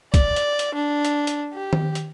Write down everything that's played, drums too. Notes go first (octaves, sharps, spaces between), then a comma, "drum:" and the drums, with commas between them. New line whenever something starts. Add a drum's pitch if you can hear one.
D5, drum: kick, hi-hat
drum: hi-hat
drum: hi-hat
D4
drum: hi-hat
drum: hi-hat
G4
drum: tom D#3
drum: hi-hat